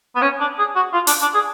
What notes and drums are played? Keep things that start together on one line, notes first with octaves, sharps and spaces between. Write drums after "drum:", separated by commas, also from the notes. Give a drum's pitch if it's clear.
B3
C#4
D4
G#4
F#4
F4
D4, drum: open hi-hat
D4
G#4